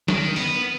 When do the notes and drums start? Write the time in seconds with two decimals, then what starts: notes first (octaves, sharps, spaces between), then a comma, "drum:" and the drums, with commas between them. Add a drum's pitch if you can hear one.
0.08 D#3, drum: snare
0.36 B3, drum: open hi-hat